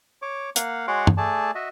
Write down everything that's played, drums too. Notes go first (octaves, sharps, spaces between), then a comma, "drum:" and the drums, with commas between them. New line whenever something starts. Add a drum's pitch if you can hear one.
C#5 D6
A#3 F5 F#5, drum: hi-hat
G#3 F#4 C#5 F#5 C6 D6
drum: tom
A3 G#4 D5 A5
F#4 D#5 E5